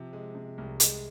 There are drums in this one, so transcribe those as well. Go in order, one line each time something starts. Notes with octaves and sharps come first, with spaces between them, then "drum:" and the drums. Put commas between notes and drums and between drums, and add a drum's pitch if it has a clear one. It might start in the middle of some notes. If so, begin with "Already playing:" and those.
Already playing: C3 F3
G#3
C3
C2
G#3, drum: hi-hat